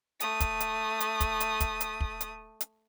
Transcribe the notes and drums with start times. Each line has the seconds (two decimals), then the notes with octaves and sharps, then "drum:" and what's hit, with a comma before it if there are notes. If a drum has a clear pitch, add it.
0.20 A3 D#6, drum: hi-hat
0.40 drum: kick, hi-hat
0.60 drum: hi-hat
1.00 drum: hi-hat
1.20 drum: kick, hi-hat
1.40 drum: hi-hat
1.60 drum: kick, hi-hat
1.80 drum: hi-hat
2.00 drum: kick
2.21 drum: hi-hat
2.61 drum: hi-hat